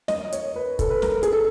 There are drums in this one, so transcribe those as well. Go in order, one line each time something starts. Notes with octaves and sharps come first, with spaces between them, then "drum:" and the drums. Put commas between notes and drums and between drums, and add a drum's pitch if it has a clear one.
D#5, drum: snare
C#5, drum: hi-hat
B4
A4, drum: kick, hi-hat
B4
A#4, drum: snare
G#4, drum: hi-hat
A4